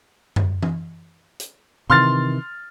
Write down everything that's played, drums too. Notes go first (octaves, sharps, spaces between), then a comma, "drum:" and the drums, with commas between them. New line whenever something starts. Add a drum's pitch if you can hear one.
drum: tom F#2
drum: tom E3
drum: hi-hat
C3 D#3 E3 C6 F6 A6